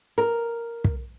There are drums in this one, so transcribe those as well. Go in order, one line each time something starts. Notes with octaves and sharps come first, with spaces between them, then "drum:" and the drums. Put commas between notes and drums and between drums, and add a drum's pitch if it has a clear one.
A#4
drum: kick